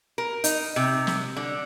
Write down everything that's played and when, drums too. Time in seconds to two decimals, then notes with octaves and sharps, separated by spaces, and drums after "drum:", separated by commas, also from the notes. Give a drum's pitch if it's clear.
0.18 A#4
0.44 D#4, drum: hi-hat
0.76 C3
1.07 drum: snare
1.37 D3